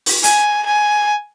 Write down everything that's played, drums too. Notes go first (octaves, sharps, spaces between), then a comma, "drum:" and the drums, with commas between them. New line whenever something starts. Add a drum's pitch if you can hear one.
drum: open hi-hat
G#5, drum: hi-hat
G#5